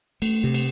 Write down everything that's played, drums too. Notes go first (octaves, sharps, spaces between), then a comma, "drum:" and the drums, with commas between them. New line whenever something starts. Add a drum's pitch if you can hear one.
A3, drum: cymbal
C3
drum: cymbal